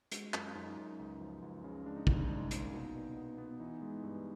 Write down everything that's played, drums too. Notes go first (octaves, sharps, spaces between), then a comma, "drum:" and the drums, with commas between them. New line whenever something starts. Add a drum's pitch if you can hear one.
G#3 F#4, drum: hi-hat
F#2 F4, drum: clap
F#2 D#4
F#2
C#2
F3
C#2
C#3
G#3 D4
D#4
C2 D4, drum: kick
D#4
G#3 D4
A#2, drum: hi-hat
B2 D#4
B2
B3
B3
E3 D#4
G#3
G2